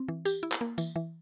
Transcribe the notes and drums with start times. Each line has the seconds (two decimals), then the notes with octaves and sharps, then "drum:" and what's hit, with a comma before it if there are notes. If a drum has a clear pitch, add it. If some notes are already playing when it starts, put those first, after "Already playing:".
Already playing: C4
0.08 E3
0.25 G4, drum: tambourine
0.43 E4
0.52 drum: clap
0.61 A#3
0.78 E3, drum: tambourine
0.96 E3